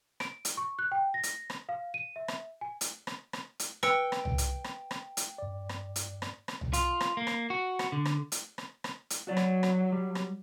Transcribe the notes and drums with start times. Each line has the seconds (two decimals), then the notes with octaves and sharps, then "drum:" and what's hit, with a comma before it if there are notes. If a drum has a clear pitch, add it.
0.20 D7, drum: rim click
0.45 drum: hi-hat
0.57 C#6
0.79 F#6
0.92 G5
1.14 A#6
1.23 drum: hi-hat
1.50 drum: rim click
1.69 F5
1.94 D#7
2.16 E5
2.28 drum: rim click
2.61 G#5
2.81 drum: hi-hat
3.07 drum: rim click
3.33 drum: rim click
3.59 drum: hi-hat
3.83 B4 G5 E6 C#7, drum: rim click
4.12 drum: rim click
4.25 drum: tom
4.38 drum: hi-hat
4.64 drum: rim click
4.91 drum: rim click
5.17 drum: hi-hat
5.38 G2 D5
5.69 drum: rim click
5.96 drum: hi-hat
6.22 drum: rim click
6.48 drum: rim click
6.61 drum: tom
6.73 F4, drum: hi-hat
7.01 drum: rim click
7.17 A#3
7.27 drum: rim click
7.50 F#4
7.79 drum: rim click
7.92 D3
8.05 drum: rim click
8.32 drum: hi-hat
8.58 drum: rim click
8.84 drum: rim click
9.10 drum: hi-hat
9.27 F#3 F#4 D5
9.37 drum: rim click
9.63 drum: rim click
9.92 G3
10.15 drum: rim click